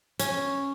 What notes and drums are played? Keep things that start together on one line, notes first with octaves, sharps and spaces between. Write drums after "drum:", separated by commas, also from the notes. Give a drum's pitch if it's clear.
C#4, drum: hi-hat